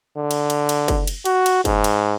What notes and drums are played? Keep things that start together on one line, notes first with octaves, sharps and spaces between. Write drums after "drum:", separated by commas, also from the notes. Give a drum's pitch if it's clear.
D3
drum: cymbal
drum: cymbal
drum: cymbal
drum: kick, cymbal
drum: cymbal
F#4, drum: cymbal
drum: cymbal
G#2, drum: kick, cymbal
drum: cymbal